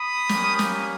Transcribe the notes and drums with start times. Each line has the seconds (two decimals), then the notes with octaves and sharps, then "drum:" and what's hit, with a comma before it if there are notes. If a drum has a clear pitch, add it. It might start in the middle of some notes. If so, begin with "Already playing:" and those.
Already playing: B5 D#6
0.29 G3 A#3 C#4 G4, drum: snare
0.59 drum: snare